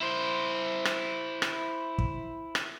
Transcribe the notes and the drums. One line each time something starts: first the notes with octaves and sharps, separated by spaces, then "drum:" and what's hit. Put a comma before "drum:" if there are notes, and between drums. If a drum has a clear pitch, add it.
E4 C5
drum: rim click
drum: rim click
drum: kick
drum: rim click